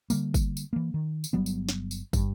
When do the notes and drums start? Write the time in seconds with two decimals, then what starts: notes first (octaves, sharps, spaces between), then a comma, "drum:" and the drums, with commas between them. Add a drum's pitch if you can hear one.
0.10 D3 G3 A#3, drum: tambourine
0.34 drum: kick, tambourine
0.57 drum: tambourine
0.73 E3 A#3
0.94 D#3
1.24 drum: tambourine
1.33 G1 F#3 G3 B3
1.46 drum: tambourine
1.69 drum: snare
1.91 drum: tambourine
2.13 G2, drum: kick, tambourine